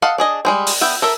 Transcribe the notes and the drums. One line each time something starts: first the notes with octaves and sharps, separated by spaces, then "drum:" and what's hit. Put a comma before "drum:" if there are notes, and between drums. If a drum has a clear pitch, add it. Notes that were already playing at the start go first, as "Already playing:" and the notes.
A4 D#5 F5 F#5
D4 G#4 D#5
G3 G#3 C4
drum: open hi-hat
B3 E5 G5
A4 A#4 E5